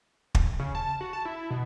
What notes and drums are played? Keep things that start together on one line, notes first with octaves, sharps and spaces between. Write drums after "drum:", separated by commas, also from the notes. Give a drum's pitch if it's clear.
drum: kick
C#3
A5
F#4
A5
E4
B2